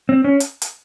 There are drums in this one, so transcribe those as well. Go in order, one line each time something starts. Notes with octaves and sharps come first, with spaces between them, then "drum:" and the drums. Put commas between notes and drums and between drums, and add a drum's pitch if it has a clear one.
C4
C#4
drum: hi-hat
drum: hi-hat